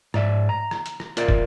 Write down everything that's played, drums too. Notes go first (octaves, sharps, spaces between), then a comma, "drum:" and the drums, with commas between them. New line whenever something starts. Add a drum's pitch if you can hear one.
G#2 D5 E5, drum: rim click
A#5
drum: rim click
drum: hi-hat
drum: rim click
F4 A#4 D5 E5, drum: hi-hat
drum: kick